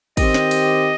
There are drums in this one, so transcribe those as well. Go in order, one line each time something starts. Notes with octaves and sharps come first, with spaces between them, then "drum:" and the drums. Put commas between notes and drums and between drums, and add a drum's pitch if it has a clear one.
D#3 C4 G4 D#5, drum: kick, cymbal
drum: snare
drum: cymbal